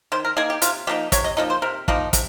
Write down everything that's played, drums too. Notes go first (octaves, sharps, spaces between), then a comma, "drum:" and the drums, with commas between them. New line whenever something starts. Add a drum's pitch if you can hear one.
D#3 C5
A#4
A#3 D#4 G#4
G4
C3 F4, drum: hi-hat
F3 A#3 D#4 G4
C3 C#5, drum: kick, hi-hat
D#5
F3 A#3 D#4 D#5
C5
C3 A#4
F3 A#3 D#4, drum: kick
C3, drum: kick, hi-hat